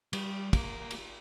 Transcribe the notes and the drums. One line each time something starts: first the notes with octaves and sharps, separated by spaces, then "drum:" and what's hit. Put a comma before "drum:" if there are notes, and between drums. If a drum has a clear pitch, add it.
G3, drum: cymbal
A#3 A#4, drum: kick, cymbal
drum: cymbal